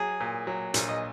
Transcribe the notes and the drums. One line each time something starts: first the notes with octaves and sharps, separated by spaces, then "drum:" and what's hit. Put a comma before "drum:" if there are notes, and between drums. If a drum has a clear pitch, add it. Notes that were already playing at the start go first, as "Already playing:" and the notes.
Already playing: F#3 G#4
A#2
F#3
A#1, drum: hi-hat
D#5